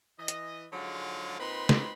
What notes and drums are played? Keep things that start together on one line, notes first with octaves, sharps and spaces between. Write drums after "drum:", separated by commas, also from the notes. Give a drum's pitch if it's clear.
E3 D#5
drum: hi-hat
G#2 D3 F3 F#3 G#3 F4
A#2 C4 D#4 B4 B5 C6
drum: snare